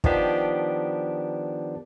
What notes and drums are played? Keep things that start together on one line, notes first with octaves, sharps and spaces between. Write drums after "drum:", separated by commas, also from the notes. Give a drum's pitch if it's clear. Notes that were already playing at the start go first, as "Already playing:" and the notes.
D#3 F3 B3 D4 G4, drum: kick